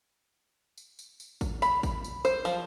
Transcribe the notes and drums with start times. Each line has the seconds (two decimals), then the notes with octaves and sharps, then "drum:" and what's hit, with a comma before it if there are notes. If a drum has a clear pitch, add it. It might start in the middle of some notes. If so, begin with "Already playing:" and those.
0.78 drum: tambourine
0.99 drum: tambourine
1.20 drum: tambourine
1.41 drum: kick, tambourine
1.62 B5, drum: tambourine
1.83 drum: kick, tambourine
2.04 drum: tambourine
2.25 C5, drum: tambourine
2.45 F3, drum: tambourine